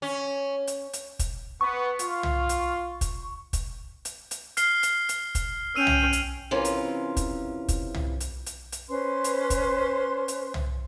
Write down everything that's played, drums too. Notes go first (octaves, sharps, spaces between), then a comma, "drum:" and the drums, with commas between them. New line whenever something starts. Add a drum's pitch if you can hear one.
C#4
drum: hi-hat
drum: hi-hat
drum: kick, hi-hat
B3 C#6
F4, drum: hi-hat
drum: tom
drum: hi-hat
drum: kick, hi-hat
drum: kick, hi-hat
drum: hi-hat
drum: hi-hat
F6 C7 G7, drum: hi-hat
drum: hi-hat
drum: hi-hat
drum: kick, hi-hat
C#4 G5 E6 D#7 F7
drum: tom
drum: hi-hat
C3 E3 C#4 F4 A#4
drum: hi-hat
drum: kick, hi-hat
drum: kick, hi-hat
drum: tom
drum: hi-hat
drum: hi-hat
drum: hi-hat
C#4 B4 C5 C6
drum: hi-hat
drum: kick, hi-hat
drum: hi-hat
drum: tom